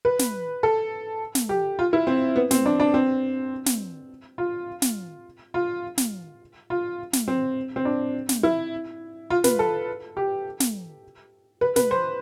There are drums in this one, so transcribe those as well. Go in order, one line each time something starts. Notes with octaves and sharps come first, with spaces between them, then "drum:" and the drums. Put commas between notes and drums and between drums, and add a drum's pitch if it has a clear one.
B4
drum: snare
A4
drum: snare
G4
F4
E4
C4
B3
C4, drum: snare
D4
D4
C4
drum: snare
F4
drum: snare
F4
drum: snare
F4
drum: snare
C4
C4
D4
drum: snare
E4
F4
B4, drum: snare
A4
G4
drum: snare
B4
B4, drum: snare
C5